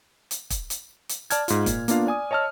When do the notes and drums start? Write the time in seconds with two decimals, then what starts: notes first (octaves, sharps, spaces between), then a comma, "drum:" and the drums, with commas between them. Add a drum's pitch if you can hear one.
0.31 drum: hi-hat
0.50 drum: kick, hi-hat
0.70 drum: hi-hat
1.09 drum: hi-hat
1.30 D5 A5 F6 G#6, drum: hi-hat
1.48 G#2 F4, drum: hi-hat
1.66 A#2, drum: kick, hi-hat
1.88 A#3 B3 D4 F4 F5, drum: hi-hat
2.07 D5 G#5 D#6
2.31 C#5 D#5 A5 E6 F6